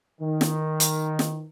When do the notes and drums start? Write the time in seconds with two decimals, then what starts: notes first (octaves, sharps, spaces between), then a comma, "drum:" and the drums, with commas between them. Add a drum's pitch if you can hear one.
0.21 D#3
0.41 drum: snare
0.80 drum: hi-hat
1.19 drum: snare